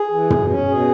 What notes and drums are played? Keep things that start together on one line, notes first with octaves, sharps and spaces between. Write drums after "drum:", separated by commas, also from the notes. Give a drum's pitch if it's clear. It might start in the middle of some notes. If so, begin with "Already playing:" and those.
Already playing: G#4
E3
B2, drum: tom
C#4
B2 G#4